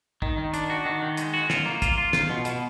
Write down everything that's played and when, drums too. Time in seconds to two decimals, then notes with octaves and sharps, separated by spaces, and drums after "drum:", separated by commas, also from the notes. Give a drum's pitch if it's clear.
0.22 D#3, drum: kick
0.38 D#3
0.54 D4, drum: hi-hat
0.70 F#4
0.85 D#3
1.02 D#3
1.17 G#3, drum: hi-hat
1.34 F#4
1.50 F4, drum: snare
1.66 A#3
1.82 F4, drum: kick, hi-hat
1.98 F4
2.13 F4, drum: snare
2.30 B2
2.45 B2, drum: hi-hat